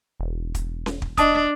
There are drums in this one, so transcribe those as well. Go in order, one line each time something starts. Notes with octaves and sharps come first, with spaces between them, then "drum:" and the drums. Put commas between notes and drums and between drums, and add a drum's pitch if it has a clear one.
E1
drum: kick, hi-hat
drum: snare C#4
drum: kick
D4 D#5 A5 D#6, drum: kick, hi-hat